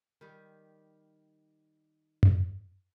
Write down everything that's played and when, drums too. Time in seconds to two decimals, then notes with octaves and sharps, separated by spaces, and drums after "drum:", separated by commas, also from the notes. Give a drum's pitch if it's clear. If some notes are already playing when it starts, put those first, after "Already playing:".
0.21 D#3 G3
2.23 drum: tom F#2